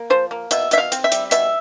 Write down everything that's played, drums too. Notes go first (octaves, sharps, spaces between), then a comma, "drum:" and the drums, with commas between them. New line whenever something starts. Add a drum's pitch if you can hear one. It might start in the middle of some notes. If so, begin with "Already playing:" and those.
Already playing: A#3
F3 C5
A#3
B2 E5, drum: hi-hat
B2 E5, drum: hi-hat
F5
C4, drum: hi-hat
E5
G3, drum: hi-hat
B2 E5, drum: hi-hat